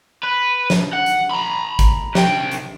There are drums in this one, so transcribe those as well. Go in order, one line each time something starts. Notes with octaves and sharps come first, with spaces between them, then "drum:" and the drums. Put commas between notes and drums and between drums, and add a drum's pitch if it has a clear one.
B4
drum: snare
F#5
drum: hi-hat
A#5 B5
drum: kick, hi-hat
C2 G5, drum: snare
drum: hi-hat